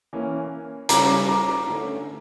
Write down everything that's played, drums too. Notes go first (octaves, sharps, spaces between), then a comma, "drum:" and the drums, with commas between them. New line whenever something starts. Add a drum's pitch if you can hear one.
E3 A#3 C#4
C#3 G3 C#4 A#5 D6, drum: hi-hat
A#5 D6
D3 A3 C#4